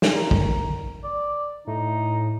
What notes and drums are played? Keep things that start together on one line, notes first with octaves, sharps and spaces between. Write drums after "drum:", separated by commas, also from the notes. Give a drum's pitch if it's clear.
drum: snare
A#4
drum: kick
D5
A2 D#4